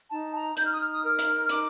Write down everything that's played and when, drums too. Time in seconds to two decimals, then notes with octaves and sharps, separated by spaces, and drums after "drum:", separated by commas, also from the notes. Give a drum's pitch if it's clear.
0.11 D#4 A5
0.34 A#5
0.57 D#4 G6, drum: hi-hat
0.65 F6
0.73 D#6
0.80 F6
0.93 D#6
1.03 A#4 F6
1.19 drum: hi-hat
1.49 D#4 D6, drum: hi-hat